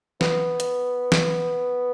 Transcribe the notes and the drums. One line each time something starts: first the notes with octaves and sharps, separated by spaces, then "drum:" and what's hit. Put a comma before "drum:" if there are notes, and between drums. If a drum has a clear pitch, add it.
B3, drum: snare
drum: hi-hat
drum: snare